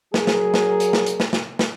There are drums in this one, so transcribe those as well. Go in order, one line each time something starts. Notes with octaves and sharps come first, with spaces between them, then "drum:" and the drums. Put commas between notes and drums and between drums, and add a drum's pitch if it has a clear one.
F#3 G#4 A#4, drum: snare
drum: snare
drum: snare
drum: hi-hat
drum: snare
drum: hi-hat
drum: snare
drum: snare
drum: snare